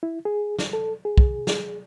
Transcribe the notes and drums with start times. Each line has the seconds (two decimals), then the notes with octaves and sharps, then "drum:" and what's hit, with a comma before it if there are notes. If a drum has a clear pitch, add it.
0.03 E4
0.25 G#4
0.59 drum: snare
0.73 A4
1.05 G#4
1.18 drum: kick
1.47 drum: snare